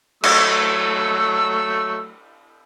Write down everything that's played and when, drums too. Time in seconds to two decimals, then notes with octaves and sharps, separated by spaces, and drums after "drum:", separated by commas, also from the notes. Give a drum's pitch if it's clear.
0.24 F#3 A3 E6, drum: cymbal